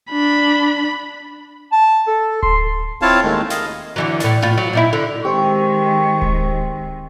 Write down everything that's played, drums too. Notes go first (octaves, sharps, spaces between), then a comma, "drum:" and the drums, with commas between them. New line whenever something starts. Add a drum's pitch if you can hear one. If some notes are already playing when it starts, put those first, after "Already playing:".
D4 B5
A5
A4
C6, drum: kick D1
C4 E4 F4 C#5 F5 A5
D#2 D#3 G#3 A3
D#5 F5, drum: snare
D3 E3 F#3
A2 D4, drum: snare
A2 F4
F#3
A#2 D#4 E4
D3
D#3 G#3 C4 G4 C5 C#6
drum: kick D1